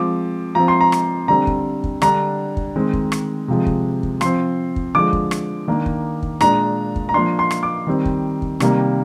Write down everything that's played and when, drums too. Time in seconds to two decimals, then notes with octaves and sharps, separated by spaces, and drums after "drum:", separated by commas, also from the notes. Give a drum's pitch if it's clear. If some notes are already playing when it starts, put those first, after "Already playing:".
Already playing: F3 G#3 C4 D6
0.55 F3 C4 A#5
0.68 C6
0.81 A#5
0.92 drum: rim click
1.28 D3 G3 C4 A#5
1.47 drum: kick
1.84 drum: kick
2.02 D3 G3 D4 A#5, drum: rim click
2.57 drum: kick
2.76 D#3 G#3 C4
2.93 drum: kick
3.12 drum: rim click
3.48 C3 F3 G#3
3.67 drum: kick
4.03 drum: kick
4.21 F3 C4 C6, drum: rim click
4.76 drum: kick
4.95 D3 F3 G#3 D6
5.13 drum: kick
5.31 drum: rim click
5.68 D#3 A#3 D4
5.86 drum: kick
6.23 drum: kick
6.40 A#2 G#3 D4 A#5, drum: rim click
6.96 drum: kick
7.09 A#5
7.14 F3 A#3 D4 C6
7.39 C6
7.51 drum: rim click
7.63 D6
7.87 D#3 G3 C4
8.05 drum: kick
8.42 drum: kick
8.60 C3 D#3 G3 A#3, drum: rim click